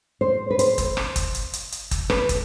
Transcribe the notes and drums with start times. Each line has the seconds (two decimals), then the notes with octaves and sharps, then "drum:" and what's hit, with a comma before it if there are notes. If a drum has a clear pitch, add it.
0.21 C5
0.50 B4
0.59 C5, drum: hi-hat
0.78 drum: kick, hi-hat
0.97 drum: rim click
1.16 drum: kick, hi-hat
1.35 drum: hi-hat
1.53 drum: hi-hat
1.72 drum: hi-hat
1.91 drum: kick, hi-hat
2.10 B4, drum: rim click
2.29 drum: kick, hi-hat